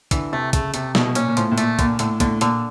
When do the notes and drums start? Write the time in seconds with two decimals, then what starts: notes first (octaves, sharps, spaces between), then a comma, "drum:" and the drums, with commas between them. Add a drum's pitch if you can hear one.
0.11 D3 E3, drum: kick, hi-hat
0.32 C3 A3
0.53 C#3 A3, drum: kick, hi-hat
0.74 C3 A3, drum: hi-hat
0.95 B2 A3, drum: snare
1.15 A#2 C#4, drum: hi-hat
1.28 A#2
1.37 A2 F3, drum: hi-hat
1.51 A2
1.58 A#2 A3, drum: hi-hat
1.79 A#2 D3, drum: kick, hi-hat
1.99 A2 D3, drum: hi-hat
2.20 A2 D3, drum: kick, hi-hat
2.41 A#2 D3, drum: hi-hat